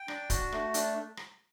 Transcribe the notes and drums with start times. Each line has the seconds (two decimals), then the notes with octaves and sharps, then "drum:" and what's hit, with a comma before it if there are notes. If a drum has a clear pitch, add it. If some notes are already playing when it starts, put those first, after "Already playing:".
Already playing: G5
0.08 D4, drum: rim click
0.30 F#4, drum: kick D1, hi-hat
0.52 A3, drum: rim click
0.74 D4, drum: hi-hat
1.17 drum: rim click